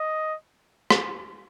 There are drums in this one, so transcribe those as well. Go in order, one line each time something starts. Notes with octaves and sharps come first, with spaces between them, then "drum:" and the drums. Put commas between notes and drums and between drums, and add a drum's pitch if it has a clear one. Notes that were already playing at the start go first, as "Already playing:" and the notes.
Already playing: D#5
drum: rim click